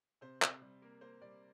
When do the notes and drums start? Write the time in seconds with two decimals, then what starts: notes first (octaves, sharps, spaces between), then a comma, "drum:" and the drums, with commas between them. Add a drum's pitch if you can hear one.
0.21 C3 C5
0.42 C3, drum: clap
0.62 G3
0.82 A#3 A#4
1.01 A#3 C5
1.21 G3 D5